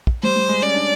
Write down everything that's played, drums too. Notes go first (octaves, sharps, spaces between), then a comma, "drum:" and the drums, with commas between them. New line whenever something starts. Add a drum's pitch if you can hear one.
drum: kick
G3 C5
G3
G#3
C#4 D5
D4